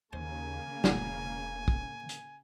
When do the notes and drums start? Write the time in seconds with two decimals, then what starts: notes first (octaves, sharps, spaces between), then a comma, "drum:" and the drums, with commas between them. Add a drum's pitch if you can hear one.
0.13 D#2 C#3 A#3 C5 G#5
0.84 E1 A#1 F#3 D#4, drum: snare
1.68 drum: kick
2.09 drum: hi-hat